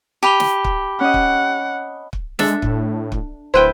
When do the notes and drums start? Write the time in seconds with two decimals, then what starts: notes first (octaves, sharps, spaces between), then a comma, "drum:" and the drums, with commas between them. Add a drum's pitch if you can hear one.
0.23 G4 A5 B5 G7
0.40 drum: snare
0.64 drum: kick
1.01 C#4 D#5 F#5
1.14 drum: kick
2.13 drum: kick
2.39 G#3 D4 A4 E5, drum: snare
2.62 A2, drum: kick
3.12 drum: kick
3.54 D1 E4 B4 C5 G5